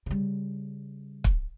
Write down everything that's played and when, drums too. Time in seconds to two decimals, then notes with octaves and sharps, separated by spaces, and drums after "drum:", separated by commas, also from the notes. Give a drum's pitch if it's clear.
0.06 C#3 G3
1.24 drum: kick